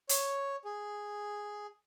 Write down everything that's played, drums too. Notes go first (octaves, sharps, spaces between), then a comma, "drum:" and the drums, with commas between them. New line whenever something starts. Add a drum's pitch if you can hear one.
C#5, drum: hi-hat
G#4